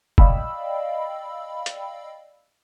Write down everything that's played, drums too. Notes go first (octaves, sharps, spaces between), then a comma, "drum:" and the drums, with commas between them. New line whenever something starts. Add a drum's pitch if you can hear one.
D5 D#5 F5 G5 B5 E6, drum: kick
drum: hi-hat